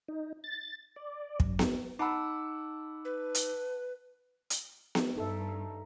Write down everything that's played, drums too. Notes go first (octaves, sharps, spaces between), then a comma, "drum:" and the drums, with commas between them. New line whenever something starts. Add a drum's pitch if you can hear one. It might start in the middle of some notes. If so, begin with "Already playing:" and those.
D#4
A6
D5
F#2, drum: kick
drum: snare B3
D#4 F#5 A5 B5 D6 E6
B4
drum: hi-hat
drum: hi-hat
drum: snare B3
G2 D#4 A4 E5